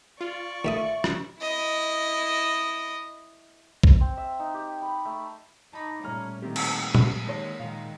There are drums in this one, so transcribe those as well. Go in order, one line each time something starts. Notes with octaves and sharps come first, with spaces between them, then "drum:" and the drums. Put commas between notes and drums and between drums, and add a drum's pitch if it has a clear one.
F4 D5 C#6
D#2 A3 E5 D#6
drum: rim click
E4 D#5
drum: kick
C4
E5
D#4
G4
B5
A3
D#4 A5 B5 D6
A#2 G3 A3 C#4 A#5 F6
A2 D#3 A#3 C4 G4
drum: cymbal
G#3, drum: tom A#2
D#3 C#5 A#6
A#2 D#3 G#3 F5